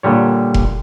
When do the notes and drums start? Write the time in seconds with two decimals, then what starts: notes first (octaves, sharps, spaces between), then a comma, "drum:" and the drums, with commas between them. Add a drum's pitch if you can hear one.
0.03 A#2 D3 G3 C#5
0.54 drum: kick F1